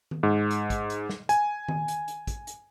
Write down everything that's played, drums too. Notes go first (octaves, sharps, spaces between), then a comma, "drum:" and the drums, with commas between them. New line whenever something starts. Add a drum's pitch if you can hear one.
drum: tom D#3
G#2
drum: hi-hat
drum: kick, hi-hat
drum: hi-hat
drum: snare
G#5, drum: hi-hat
drum: tom D#3
drum: hi-hat
drum: hi-hat
drum: kick, hi-hat
drum: hi-hat